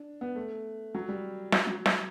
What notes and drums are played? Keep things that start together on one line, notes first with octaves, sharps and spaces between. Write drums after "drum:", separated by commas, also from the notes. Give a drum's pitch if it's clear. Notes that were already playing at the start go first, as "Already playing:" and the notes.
Already playing: D4
B3
A3
F#3
G3
F#3, drum: snare
F#3
drum: snare